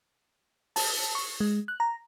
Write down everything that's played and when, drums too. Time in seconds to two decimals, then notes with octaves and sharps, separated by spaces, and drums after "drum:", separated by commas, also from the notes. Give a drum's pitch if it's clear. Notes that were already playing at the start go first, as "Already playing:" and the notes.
0.76 A5, drum: open hi-hat
1.15 C#6
1.40 G#3
1.68 F#6
1.80 A#5